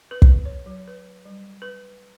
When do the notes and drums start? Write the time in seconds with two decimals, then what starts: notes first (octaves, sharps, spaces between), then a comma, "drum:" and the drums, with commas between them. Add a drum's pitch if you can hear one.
0.11 B4
0.22 drum: kick
0.45 C#5
0.66 F#3
0.88 B4
1.25 G3
1.62 B4